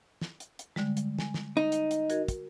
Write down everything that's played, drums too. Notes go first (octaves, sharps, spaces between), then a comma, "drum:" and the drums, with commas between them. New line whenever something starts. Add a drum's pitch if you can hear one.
drum: snare
drum: hi-hat
drum: hi-hat
D3 G3 G#3, drum: snare
drum: hi-hat
G#5, drum: snare
drum: snare
D#4
drum: hi-hat
drum: hi-hat
F#4 A#4 G#6, drum: hi-hat
drum: kick, hi-hat